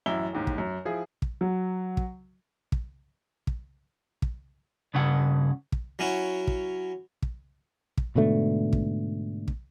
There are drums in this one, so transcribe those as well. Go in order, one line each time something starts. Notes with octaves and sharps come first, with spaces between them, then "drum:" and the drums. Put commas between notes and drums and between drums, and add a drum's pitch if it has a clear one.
A1 F#2 E4 G7
A1 D#2 G#2
drum: kick
F#2
F3 E4 G#4
drum: kick
F#3
drum: kick
drum: kick
drum: kick
drum: kick
G2 C#3 C#4 F#5
drum: kick
F#3 C#4 E4 F#4
drum: kick
drum: kick
drum: kick
G#2 B2 D3 A3
drum: kick
drum: kick